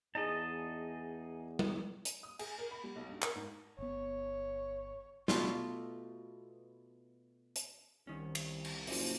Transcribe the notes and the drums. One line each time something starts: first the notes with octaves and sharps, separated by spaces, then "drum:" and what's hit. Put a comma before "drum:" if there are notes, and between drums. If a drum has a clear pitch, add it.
E2 D#4 G#4 D#5 A5
drum: tom
drum: hi-hat
D#6
G#4, drum: cymbal
A#4
B5
G3
B1
G2
A#4, drum: clap
G#2
G1 B3 C#5
B2 A3 F4, drum: snare
drum: hi-hat
C2 D#3 C#4
drum: cymbal
drum: cymbal
F#1 A#2 F3, drum: open hi-hat